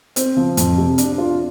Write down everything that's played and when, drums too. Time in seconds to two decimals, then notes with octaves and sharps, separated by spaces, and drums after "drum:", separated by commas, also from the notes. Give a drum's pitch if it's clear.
0.16 C4, drum: hi-hat
0.37 F3
0.57 F2, drum: hi-hat
0.77 C3
0.98 D4, drum: hi-hat
1.18 F4